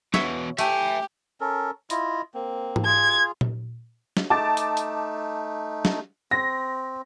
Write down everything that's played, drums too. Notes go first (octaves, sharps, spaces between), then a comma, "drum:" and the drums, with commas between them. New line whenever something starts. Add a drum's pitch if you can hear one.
B2 E3 C#5 E5, drum: snare
A3 G4 E5 G#5, drum: hi-hat
C#4 A4 A#4
E4 F4 D#5, drum: hi-hat
A#3 C4
drum: tom G#2
F4 G#4 G#6
drum: tom A#2
drum: snare
A3 D#4 A5 D6 A6
drum: hi-hat
drum: hi-hat
drum: snare
C4 A#6